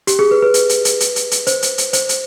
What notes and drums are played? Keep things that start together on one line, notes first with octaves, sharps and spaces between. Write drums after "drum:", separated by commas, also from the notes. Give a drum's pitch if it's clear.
G4, drum: hi-hat
G#4
B4
B4
drum: hi-hat
drum: hi-hat
drum: hi-hat
drum: hi-hat
drum: hi-hat
drum: hi-hat
C5, drum: hi-hat
drum: hi-hat
drum: hi-hat
C5, drum: hi-hat
drum: hi-hat